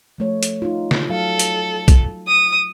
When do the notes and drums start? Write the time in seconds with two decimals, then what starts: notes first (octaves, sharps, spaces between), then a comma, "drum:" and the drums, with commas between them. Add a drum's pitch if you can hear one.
0.18 F3 A3 C#5
0.43 drum: hi-hat
0.62 D#4 F4
0.91 drum: snare
1.10 F#3 A4 F5
1.39 drum: hi-hat
1.88 drum: kick, hi-hat
2.28 D#6